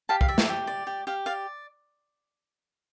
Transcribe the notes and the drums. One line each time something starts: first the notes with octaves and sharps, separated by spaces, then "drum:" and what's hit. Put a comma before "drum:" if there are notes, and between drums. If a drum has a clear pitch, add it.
G4 F5 A5
F5, drum: kick
D5 E5
drum: snare
G4
D5
G4
G4 F5
D5 F5